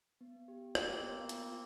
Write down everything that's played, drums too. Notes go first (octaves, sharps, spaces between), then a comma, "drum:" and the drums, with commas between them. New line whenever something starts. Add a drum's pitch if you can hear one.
B3
G4
A#3 C4 G4, drum: rim click
B3
F4, drum: hi-hat